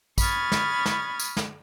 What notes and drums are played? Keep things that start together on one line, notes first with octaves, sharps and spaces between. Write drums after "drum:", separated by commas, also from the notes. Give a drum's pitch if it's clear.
B5 C#6 D#6 F6 G#6 A6, drum: kick, tambourine
drum: snare
drum: snare
drum: tambourine
drum: snare